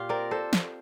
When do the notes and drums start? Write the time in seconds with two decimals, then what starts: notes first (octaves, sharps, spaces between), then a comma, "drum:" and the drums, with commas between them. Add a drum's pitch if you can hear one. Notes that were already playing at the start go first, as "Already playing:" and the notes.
Already playing: A#2 F4 G4
0.09 C4 A#4 D5
0.31 A4 C5
0.53 drum: snare